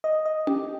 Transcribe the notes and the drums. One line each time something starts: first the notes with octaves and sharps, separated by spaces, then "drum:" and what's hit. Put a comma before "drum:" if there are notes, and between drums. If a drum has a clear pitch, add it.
D#5
D#5
G4, drum: tom C#4